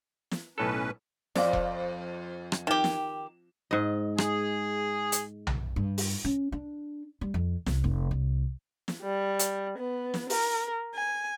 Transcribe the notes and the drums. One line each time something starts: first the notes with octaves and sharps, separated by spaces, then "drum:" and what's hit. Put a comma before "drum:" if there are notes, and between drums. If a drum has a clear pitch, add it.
drum: snare
B1 A2 C#4 A4 B4
F2 C5 D5 F5, drum: snare
drum: kick E1
drum: rim click
D#3 G4 E7
drum: snare
G#2 D#5
G#4, drum: rim click
drum: hi-hat
drum: tom B1
G2
drum: open hi-hat
C#4
D4
G3
F2
C2, drum: snare
F1
C2
drum: snare
G3
drum: hi-hat
B3
drum: snare
A#4, drum: open hi-hat
G#5